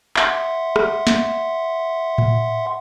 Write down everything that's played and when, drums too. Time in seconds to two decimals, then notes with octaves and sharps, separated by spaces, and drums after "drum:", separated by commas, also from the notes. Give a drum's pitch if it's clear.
0.17 E5 F#5 C6, drum: clap
0.76 drum: rim click
1.07 drum: snare
2.18 drum: tom A2